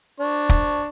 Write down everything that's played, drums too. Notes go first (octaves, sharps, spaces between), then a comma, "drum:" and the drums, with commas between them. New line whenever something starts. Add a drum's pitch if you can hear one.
D4 C#6
drum: kick